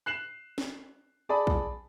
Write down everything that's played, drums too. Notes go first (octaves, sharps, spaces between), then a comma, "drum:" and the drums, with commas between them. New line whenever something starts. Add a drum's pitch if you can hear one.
F#6 C7 E7 F#7
drum: snare
G#4 D5 A5 B5 D#6
drum: kick